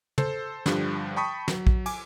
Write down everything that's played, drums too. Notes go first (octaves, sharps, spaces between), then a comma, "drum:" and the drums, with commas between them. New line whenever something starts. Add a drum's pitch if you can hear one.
A4 C5, drum: tom
G2 D3 F3 G3, drum: snare
G5 A5 B5 C#6 D#6 B6
F#3, drum: snare
drum: kick A#1
G#5 D6, drum: cymbal